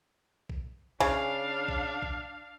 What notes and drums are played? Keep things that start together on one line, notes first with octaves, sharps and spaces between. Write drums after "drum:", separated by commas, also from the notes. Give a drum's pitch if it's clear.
drum: kick A#1
C#3 D4 F5, drum: kick A#1
drum: kick A#1
drum: kick A#1